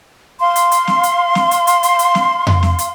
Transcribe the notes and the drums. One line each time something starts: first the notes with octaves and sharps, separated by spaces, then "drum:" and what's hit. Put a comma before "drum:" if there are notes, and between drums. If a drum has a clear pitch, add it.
F5 C6
drum: hi-hat
drum: hi-hat
drum: snare
drum: hi-hat
drum: snare
drum: hi-hat
drum: hi-hat
drum: hi-hat
drum: hi-hat
drum: snare
drum: tom F2
drum: snare
drum: hi-hat